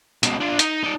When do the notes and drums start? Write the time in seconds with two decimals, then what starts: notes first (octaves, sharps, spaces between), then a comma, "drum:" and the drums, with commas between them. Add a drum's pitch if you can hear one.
0.23 C#2 B2, drum: hi-hat
0.41 D4 F4
0.59 D#4, drum: hi-hat
0.84 D#4 D5